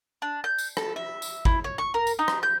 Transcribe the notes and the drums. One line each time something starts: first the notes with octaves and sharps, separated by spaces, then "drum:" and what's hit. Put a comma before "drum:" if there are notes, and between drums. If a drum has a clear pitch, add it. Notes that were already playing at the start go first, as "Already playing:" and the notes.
D4
G6
drum: tambourine
A4, drum: rim click
E5
drum: tambourine
E4, drum: kick G#1
C#5
C#6
A#4
drum: tambourine
D#4
drum: rim click
G6